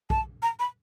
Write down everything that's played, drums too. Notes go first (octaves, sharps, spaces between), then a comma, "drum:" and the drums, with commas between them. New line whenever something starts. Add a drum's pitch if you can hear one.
A5, drum: kick
A#5
B5